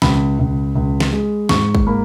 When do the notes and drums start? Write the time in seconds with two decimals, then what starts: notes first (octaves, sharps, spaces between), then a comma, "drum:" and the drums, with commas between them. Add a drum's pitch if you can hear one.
0.02 C#2 B5, drum: snare
0.39 C#2
0.76 C#2
1.00 drum: snare
1.13 G#3
1.49 G#2 C#6, drum: snare
1.75 drum: kick
1.87 A#3 B5